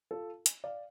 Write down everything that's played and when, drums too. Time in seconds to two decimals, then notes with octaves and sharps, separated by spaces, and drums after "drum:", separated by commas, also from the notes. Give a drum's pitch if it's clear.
0.11 F4 A4
0.46 drum: hi-hat
0.64 D5 F5